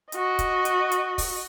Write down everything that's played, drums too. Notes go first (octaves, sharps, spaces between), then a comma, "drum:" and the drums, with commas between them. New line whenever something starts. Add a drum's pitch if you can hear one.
F#4 D#5, drum: hi-hat
drum: kick, hi-hat
drum: hi-hat
drum: hi-hat
drum: kick, open hi-hat